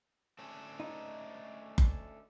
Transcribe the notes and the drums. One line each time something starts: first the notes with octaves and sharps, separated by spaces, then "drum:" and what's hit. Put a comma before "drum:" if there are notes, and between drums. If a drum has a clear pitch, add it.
A3 C#4 D4
D#4
drum: kick F#1